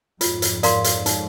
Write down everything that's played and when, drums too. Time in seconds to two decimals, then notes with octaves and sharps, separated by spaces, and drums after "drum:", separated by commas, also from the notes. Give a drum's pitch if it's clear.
0.21 F2 G#2 F4, drum: hi-hat
0.42 drum: hi-hat
0.63 A#4 D5 F5 C6, drum: hi-hat
0.84 drum: hi-hat
1.06 D#4, drum: hi-hat